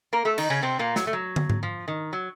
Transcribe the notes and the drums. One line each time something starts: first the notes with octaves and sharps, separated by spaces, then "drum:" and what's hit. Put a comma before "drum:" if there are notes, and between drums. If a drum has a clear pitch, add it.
A#3 A#4
A3 A4
D#3 D#4, drum: cymbal
C#3 C#4
C3 C4
A#2 A#3
F#3, drum: snare
A3
F#3
drum: tom
drum: tom G#2
F3
D#3
F#3